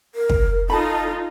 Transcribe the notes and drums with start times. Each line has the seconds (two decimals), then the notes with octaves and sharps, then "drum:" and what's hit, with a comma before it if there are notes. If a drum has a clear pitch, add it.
0.15 A#4
0.30 drum: kick
0.70 D#4 F4 A4 A5 B5